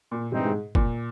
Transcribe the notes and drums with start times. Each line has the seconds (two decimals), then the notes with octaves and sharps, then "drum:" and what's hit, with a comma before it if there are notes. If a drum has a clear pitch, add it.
0.11 A#2
0.31 G2 C3 E3 G#3 C4 D#4
0.46 G#2
0.75 A#2, drum: kick